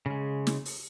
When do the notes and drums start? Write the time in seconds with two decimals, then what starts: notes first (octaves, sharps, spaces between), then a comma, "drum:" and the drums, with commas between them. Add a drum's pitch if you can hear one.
0.06 C#3 G#3
0.47 drum: snare
0.65 drum: open hi-hat